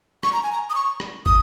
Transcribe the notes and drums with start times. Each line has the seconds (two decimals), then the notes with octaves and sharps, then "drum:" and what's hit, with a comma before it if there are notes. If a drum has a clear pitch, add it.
0.23 C#6, drum: rim click
0.33 A#5
0.43 G#5
0.52 A#5
0.70 D#6
0.75 C#6
1.00 drum: rim click
1.26 D#6, drum: kick